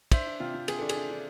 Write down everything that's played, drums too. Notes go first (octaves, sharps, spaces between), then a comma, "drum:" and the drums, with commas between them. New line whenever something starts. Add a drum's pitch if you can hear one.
D4 C5 E5, drum: kick, cymbal
D4
C3 F4
C3
C3 G#4, drum: cymbal
D4 A4
G#4, drum: cymbal
D4
D4